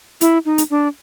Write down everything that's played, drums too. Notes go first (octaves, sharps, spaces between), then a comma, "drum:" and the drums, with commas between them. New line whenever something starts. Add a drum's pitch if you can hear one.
E4, drum: hi-hat
D#4
drum: hi-hat
D4